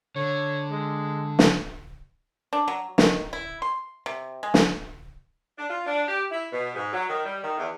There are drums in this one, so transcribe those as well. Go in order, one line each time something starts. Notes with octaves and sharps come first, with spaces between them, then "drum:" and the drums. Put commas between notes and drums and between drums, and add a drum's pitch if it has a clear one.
D3 C#5
G#3
drum: snare
D4
F#3
D#3, drum: snare
E4
C6
C3
G#3
drum: snare
D4
F4
D4
G4
E4
B2
G#2
F#3
D#3
G3
D#3
E2